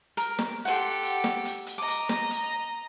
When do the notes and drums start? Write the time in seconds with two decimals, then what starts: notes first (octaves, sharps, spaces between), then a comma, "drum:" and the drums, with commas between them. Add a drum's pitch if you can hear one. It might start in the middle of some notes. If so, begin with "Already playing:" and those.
0.17 A#4, drum: hi-hat
0.39 drum: snare
0.65 G4 A4 F#5 C6
1.03 drum: hi-hat
1.24 drum: snare
1.45 drum: hi-hat
1.67 drum: hi-hat
1.78 D#5 A#5 D6
1.88 drum: hi-hat
2.09 drum: snare
2.31 drum: hi-hat